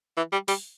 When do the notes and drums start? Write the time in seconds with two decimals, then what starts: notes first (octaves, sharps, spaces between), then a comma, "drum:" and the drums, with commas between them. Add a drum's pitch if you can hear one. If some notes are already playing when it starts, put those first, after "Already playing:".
0.17 E3
0.32 G3
0.48 G3, drum: open hi-hat